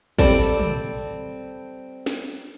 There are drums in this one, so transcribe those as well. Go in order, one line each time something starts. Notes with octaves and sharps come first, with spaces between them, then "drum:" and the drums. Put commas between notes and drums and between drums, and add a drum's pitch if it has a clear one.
G3 C4 A4 D5, drum: kick
drum: tom
drum: snare